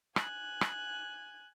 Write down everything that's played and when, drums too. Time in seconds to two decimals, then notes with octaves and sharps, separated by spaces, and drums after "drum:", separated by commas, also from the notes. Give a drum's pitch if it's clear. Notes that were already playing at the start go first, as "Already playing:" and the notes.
0.16 G#5 F#6, drum: rim click
0.61 drum: rim click